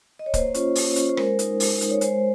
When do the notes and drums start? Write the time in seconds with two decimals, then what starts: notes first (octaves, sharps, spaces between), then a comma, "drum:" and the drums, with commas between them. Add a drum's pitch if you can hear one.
0.19 D#5
0.26 C#5
0.34 A#3 C5, drum: kick, hi-hat
0.54 C#4 F4, drum: hi-hat
0.75 A#3, drum: open hi-hat
0.96 C#4 F4, drum: hi-hat
1.09 C5
1.17 G#3 A#4, drum: rim click
1.39 D#4, drum: hi-hat
1.60 G#3, drum: open hi-hat
1.81 D#4, drum: hi-hat
1.90 C#5
2.01 G#3 C5, drum: hi-hat